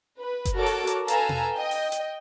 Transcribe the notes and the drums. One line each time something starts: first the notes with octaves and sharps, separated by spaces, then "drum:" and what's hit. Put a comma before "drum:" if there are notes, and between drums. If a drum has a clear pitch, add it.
B4
drum: kick F#1, hi-hat
F#4 A4 A#4 C#5 D6
drum: open hi-hat
drum: hi-hat
A4 B4 F5 G#5 A#5 E6, drum: hi-hat
drum: tom B2
D#5 G5
drum: open hi-hat
drum: hi-hat